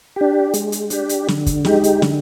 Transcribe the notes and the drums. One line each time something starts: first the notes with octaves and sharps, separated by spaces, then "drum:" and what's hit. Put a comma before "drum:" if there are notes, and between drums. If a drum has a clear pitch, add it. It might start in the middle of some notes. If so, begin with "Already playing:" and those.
D4 G4
G#3, drum: hi-hat
drum: hi-hat
D4 G4, drum: hi-hat
drum: hi-hat
D3, drum: snare
drum: kick, hi-hat
G#3 D#4 G4, drum: snare
drum: hi-hat
D3, drum: snare